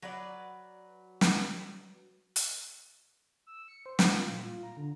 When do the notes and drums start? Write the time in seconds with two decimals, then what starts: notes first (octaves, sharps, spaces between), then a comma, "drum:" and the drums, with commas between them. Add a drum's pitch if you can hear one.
0.02 F#3 B4 D5
1.21 drum: snare
2.36 drum: hi-hat
3.47 E6
3.68 C#7
3.86 C5
3.99 G6, drum: snare
4.14 F4
4.29 A#2
4.44 F4
4.63 A#5
4.77 D3